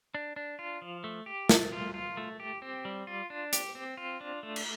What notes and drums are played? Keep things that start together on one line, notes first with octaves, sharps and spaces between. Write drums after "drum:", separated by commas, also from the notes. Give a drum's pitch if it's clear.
D4
D4
F4
F3
A3
G4
A3, drum: snare
F4
F4
A3
G4
C4
G3
F4
D4
G4, drum: hi-hat
C4
F4
D4
A3
drum: cymbal